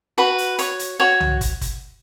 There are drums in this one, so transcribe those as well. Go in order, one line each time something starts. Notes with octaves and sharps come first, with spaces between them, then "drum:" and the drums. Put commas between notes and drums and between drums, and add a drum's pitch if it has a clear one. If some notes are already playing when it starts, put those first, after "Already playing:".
F#4 B4 B5
drum: hi-hat
C#5, drum: hi-hat
drum: hi-hat
F#4 C#5 C#6
drum: tom C2
drum: kick, hi-hat
drum: kick, hi-hat